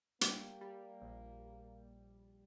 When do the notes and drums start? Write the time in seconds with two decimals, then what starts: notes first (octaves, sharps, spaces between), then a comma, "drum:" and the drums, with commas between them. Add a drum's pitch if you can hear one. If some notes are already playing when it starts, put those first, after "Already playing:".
0.21 G3 A#3, drum: hi-hat
0.61 G3
1.02 A#1